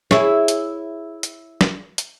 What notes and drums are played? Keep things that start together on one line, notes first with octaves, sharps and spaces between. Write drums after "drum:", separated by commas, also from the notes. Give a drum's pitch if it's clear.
E4 G#4 C#5, drum: snare
drum: hi-hat
drum: hi-hat
drum: snare
drum: hi-hat